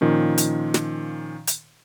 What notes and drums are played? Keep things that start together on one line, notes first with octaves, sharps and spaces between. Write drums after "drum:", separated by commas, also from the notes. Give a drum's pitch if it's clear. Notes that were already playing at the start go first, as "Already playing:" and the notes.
A#2 D#3 F3 C#4
drum: hi-hat
drum: snare
drum: hi-hat